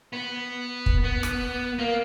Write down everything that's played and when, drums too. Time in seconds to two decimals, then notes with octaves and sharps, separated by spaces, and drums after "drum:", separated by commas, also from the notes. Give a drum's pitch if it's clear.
0.13 B3
0.86 drum: kick
1.04 B3
1.23 drum: rim click
1.79 A#3